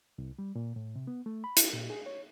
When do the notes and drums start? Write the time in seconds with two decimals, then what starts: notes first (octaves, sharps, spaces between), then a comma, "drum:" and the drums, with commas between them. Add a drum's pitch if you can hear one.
0.18 C2
0.39 G3
0.55 A#2
0.76 A2
0.95 C3
1.07 B3
1.26 A3
1.44 B5
1.57 E4, drum: hi-hat
1.73 A#2
1.90 G#4
2.06 C#5